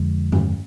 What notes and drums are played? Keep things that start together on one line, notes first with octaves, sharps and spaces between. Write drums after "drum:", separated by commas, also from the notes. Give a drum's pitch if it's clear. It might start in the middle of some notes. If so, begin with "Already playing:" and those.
Already playing: F2 D3 F3 G#3
drum: tom G2